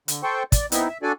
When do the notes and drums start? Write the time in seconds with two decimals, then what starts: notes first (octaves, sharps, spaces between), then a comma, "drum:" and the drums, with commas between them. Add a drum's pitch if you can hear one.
0.08 D3, drum: hi-hat
0.23 A4 C5 G5 C#6
0.52 D5, drum: kick, hi-hat
0.72 B3 C4 D#4 E4, drum: hi-hat
0.88 E5
1.03 D4 F#4 A4 D5 G#5